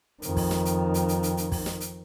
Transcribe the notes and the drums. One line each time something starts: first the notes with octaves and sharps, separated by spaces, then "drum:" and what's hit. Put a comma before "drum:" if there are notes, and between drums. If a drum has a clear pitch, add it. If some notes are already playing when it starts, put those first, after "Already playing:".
F2 D#3, drum: hi-hat
drum: kick, open hi-hat
drum: snare
drum: hi-hat
drum: hi-hat
drum: hi-hat
drum: hi-hat
drum: hi-hat
drum: kick, open hi-hat
drum: snare
drum: hi-hat